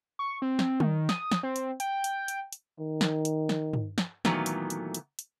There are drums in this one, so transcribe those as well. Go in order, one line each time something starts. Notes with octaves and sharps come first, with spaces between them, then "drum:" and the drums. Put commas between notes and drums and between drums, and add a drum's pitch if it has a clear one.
C#6
C4
drum: snare
D#3, drum: tom
D#6, drum: snare
drum: snare
C4
drum: hi-hat
G5, drum: hi-hat
drum: hi-hat
drum: hi-hat
drum: hi-hat
D#3
drum: snare
drum: hi-hat
drum: snare
drum: tom
drum: snare
A#2 D#3 E3 F#3 A3 B3, drum: snare
drum: hi-hat
drum: hi-hat
drum: hi-hat
drum: hi-hat